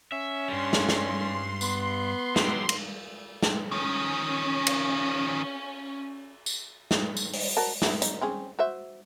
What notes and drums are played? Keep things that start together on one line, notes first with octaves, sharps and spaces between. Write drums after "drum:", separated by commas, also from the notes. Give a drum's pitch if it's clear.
C#4 E5
G2 G3 C6
drum: snare
drum: snare
B3, drum: tambourine
F#3 G4, drum: snare
drum: cymbal
drum: snare
D#3 F3 C#4
drum: cymbal
drum: tambourine
drum: snare
drum: tambourine
drum: open hi-hat
F#4 A#4 A5
F#3 B3 E4, drum: snare
D#4, drum: hi-hat
C4 C#4 G#4
F#4 C5 E5